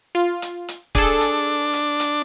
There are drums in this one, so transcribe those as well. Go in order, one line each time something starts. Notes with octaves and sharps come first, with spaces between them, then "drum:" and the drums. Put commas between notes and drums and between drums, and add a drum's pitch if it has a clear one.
F4
drum: hi-hat
drum: hi-hat
D4 G#4 A4, drum: kick, hi-hat
drum: hi-hat
drum: hi-hat
drum: hi-hat